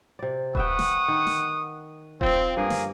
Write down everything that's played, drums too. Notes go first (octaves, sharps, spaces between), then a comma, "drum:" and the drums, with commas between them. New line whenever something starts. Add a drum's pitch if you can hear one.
C3 D5
B4 E5 F#5 G5 C#6 D#6, drum: kick D#1
drum: snare
D#3
drum: snare
F3 C4, drum: kick D#1
G2 A#3 G#4
drum: snare